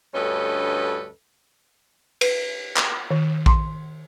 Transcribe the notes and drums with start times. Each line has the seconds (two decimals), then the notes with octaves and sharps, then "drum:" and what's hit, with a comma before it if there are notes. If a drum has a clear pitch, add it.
0.15 D2 G2 C#4 A4 B4 D#5
2.21 B4, drum: cymbal
2.77 drum: clap
3.10 D#3
3.46 C6, drum: kick A#1